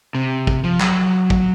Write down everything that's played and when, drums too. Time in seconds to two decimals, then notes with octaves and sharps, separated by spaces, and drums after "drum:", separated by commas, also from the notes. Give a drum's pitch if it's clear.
0.15 C3
0.47 drum: kick
0.64 F3
0.81 F#3, drum: clap
1.30 drum: kick